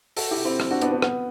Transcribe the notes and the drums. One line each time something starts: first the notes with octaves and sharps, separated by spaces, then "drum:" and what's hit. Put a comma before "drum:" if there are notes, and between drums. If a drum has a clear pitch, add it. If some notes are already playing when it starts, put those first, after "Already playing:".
F#4 A4, drum: open hi-hat
E4 G4
C4 E4
drum: rim click
D4 F#4
B3 D4, drum: hi-hat
B3 D4
B3, drum: rim click